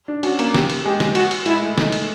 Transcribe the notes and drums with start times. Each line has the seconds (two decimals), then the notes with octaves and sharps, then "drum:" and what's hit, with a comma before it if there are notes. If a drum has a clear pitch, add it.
0.08 D4
0.23 C#4 F#4, drum: cymbal
0.39 A#3, drum: cymbal
0.55 G4, drum: snare
0.70 drum: cymbal
0.85 G#3 G4
1.00 drum: snare
1.15 F#4, drum: cymbal
1.31 drum: cymbal
1.46 G#3 E4, drum: cymbal
1.62 A3
1.78 D#4, drum: snare
1.92 drum: cymbal